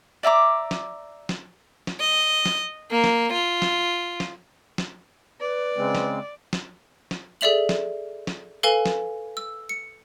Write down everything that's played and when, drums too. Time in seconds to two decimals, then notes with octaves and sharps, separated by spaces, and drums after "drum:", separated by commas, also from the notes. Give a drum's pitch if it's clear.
0.23 D5 E5 A#5 D6
0.71 drum: snare
1.29 drum: snare
1.87 drum: snare
2.00 D#5
2.46 drum: snare
2.91 A#3
3.04 drum: snare
3.33 F4
3.62 drum: snare
4.20 drum: snare
4.78 drum: snare
5.41 B4 D5
5.77 C#3 G#3 C4
5.95 drum: snare
6.53 drum: snare
7.11 drum: snare
7.41 G#4 A4 D5 E5 F7 F#7
7.69 drum: snare
8.27 drum: snare
8.63 A4 B4 F5 G#5 G7
8.86 drum: snare
9.37 E6
9.69 C#7